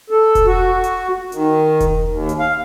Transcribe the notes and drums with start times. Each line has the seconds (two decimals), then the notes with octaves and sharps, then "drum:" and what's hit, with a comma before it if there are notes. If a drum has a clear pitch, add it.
0.10 A4
0.35 drum: kick E1, hi-hat
0.46 F#4
0.84 drum: hi-hat
1.32 D#3, drum: hi-hat
1.80 drum: kick E1, hi-hat
2.08 D#2
2.29 drum: hi-hat
2.39 F5